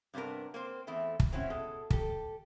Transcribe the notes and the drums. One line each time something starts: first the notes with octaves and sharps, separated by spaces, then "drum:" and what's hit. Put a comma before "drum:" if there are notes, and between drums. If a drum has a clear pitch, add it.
G2 C3 B3 D4 A#4
A#3 C4 C5
E2 A3 C4 E4
drum: kick
C4 C#4 E4 F#4
B2 G#3 A4
G4 A4, drum: kick